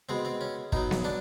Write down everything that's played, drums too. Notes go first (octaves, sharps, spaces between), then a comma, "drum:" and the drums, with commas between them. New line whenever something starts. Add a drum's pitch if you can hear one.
B2 G#3 C4
C4
C#4
B2 F#3 D#4, drum: kick
drum: snare B3
D4